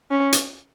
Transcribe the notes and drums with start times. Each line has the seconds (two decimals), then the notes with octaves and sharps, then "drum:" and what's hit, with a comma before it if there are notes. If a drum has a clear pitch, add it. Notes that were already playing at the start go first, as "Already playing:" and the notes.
0.11 C#4
0.32 drum: hi-hat